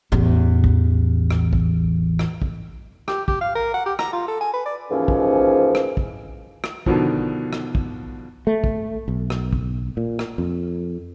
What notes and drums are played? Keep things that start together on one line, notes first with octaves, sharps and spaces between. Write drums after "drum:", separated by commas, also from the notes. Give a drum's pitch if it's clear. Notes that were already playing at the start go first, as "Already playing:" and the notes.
A1 E2
drum: kick
drum: rim click
drum: kick
drum: rim click
drum: kick
G4, drum: rim click
G4, drum: kick
F5
A#4
F#5
G4
A#5, drum: rim click
F4
A4
G#5
B4
D5
D#2 G#2 E3 F3 C#4
drum: kick
drum: rim click
drum: kick
drum: rim click
B2 D3 D#3 F3, drum: kick
drum: rim click
drum: kick
A3
drum: kick
B1
drum: rim click
drum: kick
A#2
drum: rim click
F2